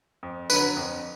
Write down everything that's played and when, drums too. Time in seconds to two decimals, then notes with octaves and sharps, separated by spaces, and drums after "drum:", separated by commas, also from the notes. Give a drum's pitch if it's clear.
0.23 F2
0.50 D3 F#3 B4, drum: tambourine
0.77 F2